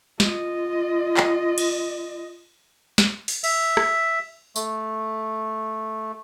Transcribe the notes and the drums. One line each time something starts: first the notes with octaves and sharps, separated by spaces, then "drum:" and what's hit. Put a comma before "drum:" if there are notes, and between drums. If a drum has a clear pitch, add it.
F4 D#5, drum: snare
drum: clap
drum: cymbal
drum: snare
drum: open hi-hat
E5, drum: cymbal
drum: rim click
A3, drum: tambourine